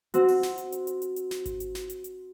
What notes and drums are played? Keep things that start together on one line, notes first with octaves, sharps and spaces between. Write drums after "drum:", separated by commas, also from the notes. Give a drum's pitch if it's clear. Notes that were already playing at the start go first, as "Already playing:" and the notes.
C4 F#4, drum: hi-hat
drum: open hi-hat
drum: snare
drum: hi-hat
drum: hi-hat
drum: hi-hat
drum: hi-hat
drum: hi-hat
drum: snare
drum: kick G#1, hi-hat
drum: hi-hat
drum: snare
drum: hi-hat
drum: hi-hat